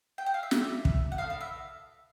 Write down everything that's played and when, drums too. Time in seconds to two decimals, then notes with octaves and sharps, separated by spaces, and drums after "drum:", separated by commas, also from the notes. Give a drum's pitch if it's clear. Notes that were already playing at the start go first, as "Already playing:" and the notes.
0.18 G5
0.26 F#5
0.34 F5
0.43 E5
0.51 D4 F4 A4, drum: snare
0.85 drum: kick
1.12 F#5
1.18 B3 D4 F#4 A4 F5
1.30 F5
1.41 E5